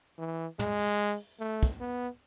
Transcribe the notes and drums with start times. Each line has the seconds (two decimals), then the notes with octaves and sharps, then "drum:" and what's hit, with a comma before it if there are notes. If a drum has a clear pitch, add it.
0.19 E3
0.59 G#3, drum: tom
0.77 drum: open hi-hat
1.39 A3
1.63 drum: kick
1.80 B3